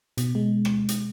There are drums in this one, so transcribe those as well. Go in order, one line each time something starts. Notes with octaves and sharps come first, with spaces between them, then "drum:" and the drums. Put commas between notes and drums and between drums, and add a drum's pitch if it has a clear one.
B2, drum: hi-hat
G#3
drum: rim click
drum: hi-hat